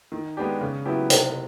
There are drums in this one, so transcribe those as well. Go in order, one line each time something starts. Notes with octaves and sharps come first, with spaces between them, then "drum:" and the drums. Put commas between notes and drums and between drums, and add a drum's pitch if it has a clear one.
D#3
G#3 B3 D4 G4
C#3
F#3 B3 E4 G4
C3, drum: hi-hat